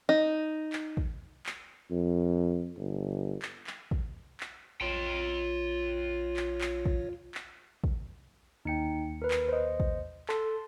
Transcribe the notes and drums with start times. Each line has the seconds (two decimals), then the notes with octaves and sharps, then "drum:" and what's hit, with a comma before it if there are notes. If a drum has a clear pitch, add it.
0.09 D#4
0.73 drum: clap
0.97 drum: kick
1.46 drum: clap
1.91 F2
2.77 G1
3.42 drum: clap
3.67 drum: clap
3.91 drum: kick
4.40 drum: clap
4.81 A#1 F4 C#5 G5
6.37 drum: clap
6.61 drum: clap
6.86 drum: kick
7.35 drum: clap
7.84 drum: kick
8.65 D#2 D#4 G5 C#7
9.22 A#4 B4
9.31 drum: clap
9.48 C5 D#5
9.80 drum: kick
10.29 A4 A5 C6, drum: clap